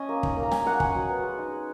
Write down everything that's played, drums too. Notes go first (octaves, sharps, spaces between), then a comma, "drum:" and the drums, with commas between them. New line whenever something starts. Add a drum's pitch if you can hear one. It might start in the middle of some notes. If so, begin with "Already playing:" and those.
Already playing: C#4 D#5 G#5
A#3
D#4, drum: kick
A#3
A#5
D#4 G#5, drum: snare
A#3 F#5
C#4 G#5, drum: kick
F#3
B3
G#3
D#4
G#3